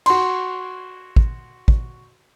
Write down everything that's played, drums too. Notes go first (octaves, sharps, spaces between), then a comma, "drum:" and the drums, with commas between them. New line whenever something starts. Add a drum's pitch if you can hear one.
F#4 C6, drum: cymbal
drum: kick
drum: kick